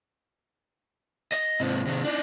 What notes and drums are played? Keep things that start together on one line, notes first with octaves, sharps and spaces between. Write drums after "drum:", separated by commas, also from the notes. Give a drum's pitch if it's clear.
D#5, drum: open hi-hat
G#2 C3
C3 D#3
D4 D#4